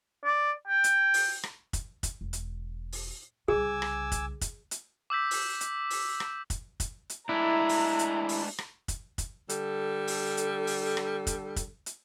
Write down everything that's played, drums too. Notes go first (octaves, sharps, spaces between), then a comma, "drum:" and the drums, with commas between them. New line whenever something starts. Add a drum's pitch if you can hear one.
D5
G5
drum: hi-hat
drum: open hi-hat
drum: rim click
drum: kick, hi-hat
drum: kick, hi-hat
E1
drum: hi-hat
drum: open hi-hat
C2 C#3 G#4 G#5 D6 E6
drum: rim click
drum: kick, hi-hat
drum: kick, hi-hat
drum: hi-hat
D6 E6 G6 B6
drum: open hi-hat
drum: hi-hat
drum: open hi-hat
drum: rim click
drum: kick, hi-hat
drum: kick, hi-hat
drum: hi-hat
G#3 A3 D4 E4 A#5
drum: open hi-hat
drum: hi-hat
drum: open hi-hat
drum: rim click
drum: kick, hi-hat
drum: kick, hi-hat
D3 G3 A4, drum: hi-hat
drum: open hi-hat
drum: hi-hat
drum: open hi-hat
drum: rim click
drum: kick, hi-hat
drum: kick, hi-hat
drum: hi-hat